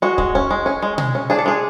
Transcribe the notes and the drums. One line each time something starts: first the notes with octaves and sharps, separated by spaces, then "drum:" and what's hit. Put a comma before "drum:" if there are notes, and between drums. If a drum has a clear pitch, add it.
G#3 F#4
G#3, drum: kick
C#4, drum: kick
G#3
C#4
G#3
G#3, drum: tom B2
C#4
D4 G#4
A4
G#3 G#4